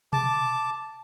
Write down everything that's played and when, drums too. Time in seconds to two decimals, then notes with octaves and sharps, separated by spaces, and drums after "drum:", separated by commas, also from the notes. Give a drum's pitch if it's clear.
0.13 A5 D6, drum: tom B2